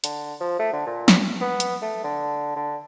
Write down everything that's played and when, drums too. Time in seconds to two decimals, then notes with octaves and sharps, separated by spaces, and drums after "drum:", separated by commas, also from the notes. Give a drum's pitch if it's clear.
0.04 D3, drum: hi-hat
0.40 F3
0.59 A3
0.72 D3
0.87 A#2
1.08 drum: snare
1.41 B3
1.60 drum: hi-hat
1.82 A3
2.04 D3
2.56 D3